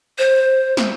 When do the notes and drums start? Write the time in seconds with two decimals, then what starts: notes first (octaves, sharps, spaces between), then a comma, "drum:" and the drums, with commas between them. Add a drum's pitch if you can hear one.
0.18 C5
0.77 drum: snare